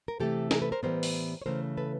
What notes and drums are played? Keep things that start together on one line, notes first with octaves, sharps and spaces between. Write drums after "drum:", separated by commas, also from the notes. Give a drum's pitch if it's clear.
A#4
C3 E3 A3 G4 A4
G#4 A#4, drum: snare
A4 B4
A#4 C5
A2 E3 G3 B3 A#4 C5
drum: open hi-hat
C#5
C#3 E3 A3 A#4 C5
A4 B4